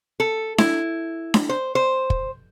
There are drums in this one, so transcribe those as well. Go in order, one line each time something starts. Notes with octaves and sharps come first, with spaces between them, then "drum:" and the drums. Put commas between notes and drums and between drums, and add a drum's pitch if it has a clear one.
A4
E4, drum: snare D4
drum: snare D4
C5
C5
drum: kick